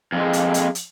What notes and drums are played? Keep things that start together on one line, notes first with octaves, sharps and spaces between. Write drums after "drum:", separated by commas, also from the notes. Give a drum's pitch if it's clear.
F2 G#3
drum: hi-hat
drum: hi-hat
drum: hi-hat